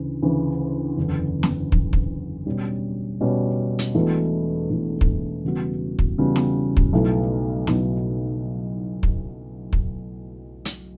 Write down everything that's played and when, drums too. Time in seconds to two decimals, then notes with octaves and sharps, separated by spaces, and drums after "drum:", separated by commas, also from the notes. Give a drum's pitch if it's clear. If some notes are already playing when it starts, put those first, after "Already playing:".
Already playing: D2 C#3 E3
0.22 D2 C#3 E3
0.97 F#1 E2 D3
1.43 drum: snare
1.72 F#1 E2 D3, drum: kick
1.93 drum: kick
2.46 B2 G3 C#4
3.21 B2 G3 C#4
3.79 drum: hi-hat
3.95 E1 E2 B2 A3 E4
4.70 E1 E2 B2 A3 E4
5.01 drum: kick
5.44 C#3 E3 G3 B3 F#4
5.99 drum: kick
6.18 C#3 E3 G3 B3 F#4
6.36 drum: snare
6.77 drum: kick
6.93 B1 B2 A3 E4 A4
7.67 B1 B2 A3 E4 A4, drum: snare
9.03 drum: kick
9.73 drum: kick
10.65 drum: hi-hat